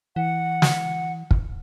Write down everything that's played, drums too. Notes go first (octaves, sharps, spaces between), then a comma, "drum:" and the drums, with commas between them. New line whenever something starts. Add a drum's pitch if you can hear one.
E3 F#5
drum: snare
drum: kick